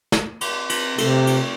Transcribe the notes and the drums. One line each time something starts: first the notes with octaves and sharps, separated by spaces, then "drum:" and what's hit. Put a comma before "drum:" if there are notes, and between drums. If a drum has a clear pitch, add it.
drum: snare
drum: cymbal
drum: cymbal
C3 A3, drum: cymbal
drum: cymbal